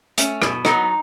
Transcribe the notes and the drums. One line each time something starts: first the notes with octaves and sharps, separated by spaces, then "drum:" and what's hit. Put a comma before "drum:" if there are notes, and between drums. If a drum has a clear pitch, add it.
A3 C#4, drum: hi-hat
B2, drum: rim click
F#3 B3 D#4, drum: rim click